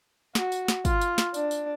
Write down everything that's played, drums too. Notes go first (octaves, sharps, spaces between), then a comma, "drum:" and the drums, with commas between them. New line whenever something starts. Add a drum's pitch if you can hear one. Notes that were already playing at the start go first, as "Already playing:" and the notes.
F#4, drum: snare
drum: tambourine
drum: snare
F4, drum: kick, tambourine
drum: tambourine
drum: snare
D4, drum: tambourine
drum: tambourine